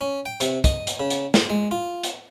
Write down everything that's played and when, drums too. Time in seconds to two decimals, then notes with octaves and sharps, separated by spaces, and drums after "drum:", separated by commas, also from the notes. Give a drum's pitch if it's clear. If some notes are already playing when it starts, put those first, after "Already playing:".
0.01 C#4
0.26 G5
0.40 C3, drum: hi-hat
0.64 D#5, drum: kick, hi-hat
0.87 drum: hi-hat
1.00 C#3
1.10 drum: hi-hat
1.34 A5, drum: snare
1.50 G#3
1.71 F4
2.03 drum: hi-hat